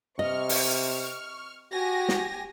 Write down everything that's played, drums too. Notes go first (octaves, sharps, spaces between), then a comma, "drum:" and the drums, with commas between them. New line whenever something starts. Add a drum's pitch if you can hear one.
C3 D#5 C#6 F6
drum: open hi-hat
F#4 G4 G#5 A#6
drum: snare